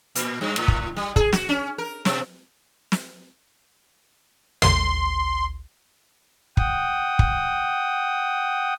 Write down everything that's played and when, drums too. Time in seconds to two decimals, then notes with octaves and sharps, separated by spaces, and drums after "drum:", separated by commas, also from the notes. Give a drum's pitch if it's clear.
0.15 A#2, drum: hi-hat
0.41 G2
0.57 A2
0.68 drum: kick
0.96 G3
1.16 G#4, drum: kick
1.33 F#4, drum: snare
1.49 C#4
1.78 A#4
2.05 B2, drum: snare
2.92 drum: snare
4.62 C6, drum: tom
6.57 F#5 G5 D#6, drum: kick
7.19 drum: kick